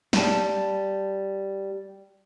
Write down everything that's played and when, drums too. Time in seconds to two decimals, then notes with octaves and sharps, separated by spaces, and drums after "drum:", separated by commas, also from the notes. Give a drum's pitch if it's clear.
0.13 G3 A5, drum: snare